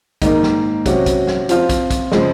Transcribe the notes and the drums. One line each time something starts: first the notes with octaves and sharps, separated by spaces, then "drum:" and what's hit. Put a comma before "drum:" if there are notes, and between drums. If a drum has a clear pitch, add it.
G#2 D#3 A#3, drum: kick, hi-hat
drum: snare
C3 F#3 C#4 F#4, drum: kick, hi-hat
drum: kick, hi-hat
drum: snare
F3 C4 F4, drum: hi-hat
drum: kick, hi-hat
drum: kick, hi-hat
C#3 F3 G#3, drum: snare